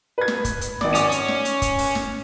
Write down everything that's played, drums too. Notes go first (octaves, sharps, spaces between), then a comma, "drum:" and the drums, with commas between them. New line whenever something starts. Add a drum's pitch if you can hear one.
B4 G#6
drum: snare
drum: kick, hi-hat
drum: hi-hat
G#1 D5, drum: snare
C#4 D6, drum: hi-hat
drum: hi-hat
drum: snare
drum: hi-hat
drum: kick, hi-hat
drum: open hi-hat
drum: snare